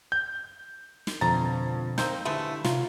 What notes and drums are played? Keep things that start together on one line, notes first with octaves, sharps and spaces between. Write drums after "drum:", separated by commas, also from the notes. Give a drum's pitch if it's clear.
G6
drum: snare
F2 B2 D3 F3 A#5 A6
A#3 C4 D#4 G6, drum: snare
D3 G#3 A3 B3 E4 G4
C3 F#3 F4, drum: snare